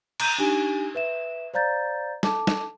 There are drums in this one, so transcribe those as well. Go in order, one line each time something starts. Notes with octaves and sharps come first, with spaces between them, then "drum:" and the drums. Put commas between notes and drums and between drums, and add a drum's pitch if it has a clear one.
A#5 G6 D#7 F7, drum: cymbal
D4 D#4 G4 G#5
B4 E5 E7
C5 D5 F5 A#5 G6 A6
A4 A5 D6, drum: snare
drum: snare